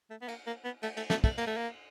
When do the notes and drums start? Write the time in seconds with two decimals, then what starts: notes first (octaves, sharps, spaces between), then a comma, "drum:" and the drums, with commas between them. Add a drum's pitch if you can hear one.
0.10 A3
0.21 B3
0.28 A#3, drum: cymbal
0.46 A#3
0.64 B3
0.83 A3, drum: cymbal
0.97 A3, drum: cymbal
1.10 A3, drum: snare
1.24 A3, drum: kick, cymbal
1.38 A#3, drum: cymbal
1.47 A3
1.57 A#3